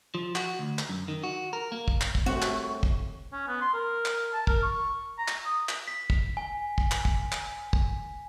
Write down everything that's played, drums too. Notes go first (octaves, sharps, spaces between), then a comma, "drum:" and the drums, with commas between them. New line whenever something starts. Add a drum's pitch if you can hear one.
F3
F#4, drum: clap
D2
drum: clap
F#2
D#3
F#4
A#4
A#3
drum: kick
drum: clap
drum: kick
C2 A2 C4 F#4 C#6
drum: clap
drum: kick
C#4
B3
C6
A#4
drum: clap
A5
A#4, drum: kick
C#6
A#5
drum: clap
D#6
drum: clap
B6
drum: kick
G#5
drum: kick
drum: clap
drum: kick
drum: clap
drum: kick